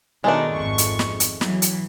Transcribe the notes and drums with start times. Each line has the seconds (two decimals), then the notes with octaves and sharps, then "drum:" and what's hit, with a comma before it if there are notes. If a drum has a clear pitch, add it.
0.24 B2 D#3 G#3 A3 D4 D#4
0.53 G#1 F2 C#6
0.78 drum: hi-hat
0.99 drum: snare
1.20 drum: hi-hat
1.41 E3 F#3, drum: snare
1.62 drum: hi-hat